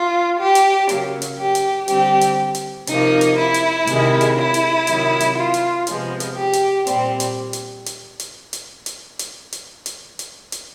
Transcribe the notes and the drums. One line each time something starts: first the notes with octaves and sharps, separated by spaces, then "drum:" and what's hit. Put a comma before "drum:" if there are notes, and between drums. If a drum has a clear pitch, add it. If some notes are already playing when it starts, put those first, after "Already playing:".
Already playing: F4
G4
drum: hi-hat
C#3 F#3 A#3, drum: hi-hat
drum: hi-hat
G4
drum: hi-hat
D3 G3 C4 G4, drum: hi-hat
drum: hi-hat
drum: hi-hat
C3 F3 A#3 D#4, drum: hi-hat
drum: hi-hat
E4
drum: hi-hat
C3 D#3 G#3, drum: hi-hat
drum: hi-hat
E4
drum: hi-hat
C3 D#3 F#3, drum: hi-hat
drum: hi-hat
F4
drum: hi-hat
C3 F3 G#3 B3, drum: hi-hat
drum: hi-hat
G4
drum: hi-hat
A#2 G3 C4, drum: hi-hat
drum: hi-hat
drum: hi-hat
drum: hi-hat
drum: hi-hat
drum: hi-hat
drum: hi-hat
drum: hi-hat
drum: hi-hat
drum: hi-hat
drum: hi-hat
drum: hi-hat